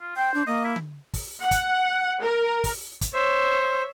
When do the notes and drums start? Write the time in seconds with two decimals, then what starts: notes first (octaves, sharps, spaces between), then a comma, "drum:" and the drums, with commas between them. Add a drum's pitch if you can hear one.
0.01 F4
0.17 C5 G5
0.34 D4
0.47 A#3 D#5
0.64 E4
0.76 drum: tom D3
1.14 drum: kick, open hi-hat
1.42 F#5
1.51 drum: kick, hi-hat
2.22 A#4
2.64 drum: kick, open hi-hat
3.01 drum: kick, hi-hat
3.14 C5 C#5 E5